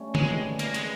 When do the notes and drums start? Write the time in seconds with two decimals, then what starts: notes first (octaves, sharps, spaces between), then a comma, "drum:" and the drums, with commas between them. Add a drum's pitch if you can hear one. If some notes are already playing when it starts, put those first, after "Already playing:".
Already playing: G3 A3 C#4
0.15 E3 G#3, drum: tom D3
0.38 G3
0.59 E3 A#3, drum: hi-hat
0.74 G#3, drum: hi-hat